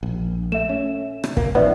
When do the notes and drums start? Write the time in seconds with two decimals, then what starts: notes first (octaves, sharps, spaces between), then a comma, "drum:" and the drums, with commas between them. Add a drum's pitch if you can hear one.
0.03 A#1
0.52 A3 E5 E7
0.69 C#4
1.24 drum: rim click
1.37 A#3, drum: kick
1.55 A1 D#3 F3 B3 B4 D5 E5